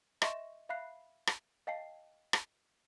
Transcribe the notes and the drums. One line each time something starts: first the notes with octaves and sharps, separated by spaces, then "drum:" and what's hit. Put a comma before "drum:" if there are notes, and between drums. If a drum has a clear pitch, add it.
D#5 E5 C6 C#6 A#6 E7, drum: rim click
E5 F5 B5 F#6 C7
drum: rim click
D#5 F5 G5 A5 C7
drum: rim click